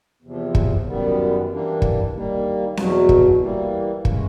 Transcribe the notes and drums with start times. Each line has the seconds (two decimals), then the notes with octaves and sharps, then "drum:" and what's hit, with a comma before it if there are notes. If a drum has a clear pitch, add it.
0.23 E2 C3 F3
0.55 drum: kick
0.86 F#2 D#3 G3 B3
1.49 E3 G3 A#3 D4
1.82 drum: kick
2.13 D#3 G3 A#3
2.77 E2 B2 F#3, drum: snare C4
3.09 drum: kick
3.40 E3 G3 A#3
4.05 E3 G#3 C#4, drum: kick